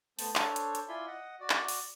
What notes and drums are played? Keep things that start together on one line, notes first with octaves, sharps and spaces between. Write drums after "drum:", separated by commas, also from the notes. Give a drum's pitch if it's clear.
A3 B3 C5 A5, drum: open hi-hat
D4 A4 C5 C#5, drum: clap
drum: hi-hat
drum: hi-hat
E4 F4 D5 G#5 B5 C6
D#5 F#5
F#4 D5
drum: clap
drum: open hi-hat